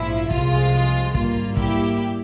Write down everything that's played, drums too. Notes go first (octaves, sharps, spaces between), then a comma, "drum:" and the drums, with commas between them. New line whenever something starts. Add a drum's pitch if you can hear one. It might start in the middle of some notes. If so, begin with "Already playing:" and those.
Already playing: A#1 G#2 F3 E4
C2 C3 F3 G#3 F4, drum: kick
G#1 G2 G3 A#3 F4, drum: kick
E4 G4, drum: kick